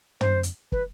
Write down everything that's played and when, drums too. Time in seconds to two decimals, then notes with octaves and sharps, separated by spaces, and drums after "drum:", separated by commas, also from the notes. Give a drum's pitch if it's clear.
0.21 C5, drum: tom
0.43 drum: hi-hat
0.72 B4, drum: kick